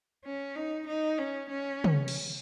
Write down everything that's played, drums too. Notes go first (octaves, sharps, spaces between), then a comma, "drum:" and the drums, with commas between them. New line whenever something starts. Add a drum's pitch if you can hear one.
C#4
D#4
D#4
C#4
C#4
drum: tom
drum: cymbal